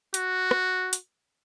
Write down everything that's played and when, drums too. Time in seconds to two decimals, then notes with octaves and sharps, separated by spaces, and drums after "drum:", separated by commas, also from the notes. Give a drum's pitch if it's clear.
0.14 F#4, drum: hi-hat
0.51 drum: rim click
0.93 drum: hi-hat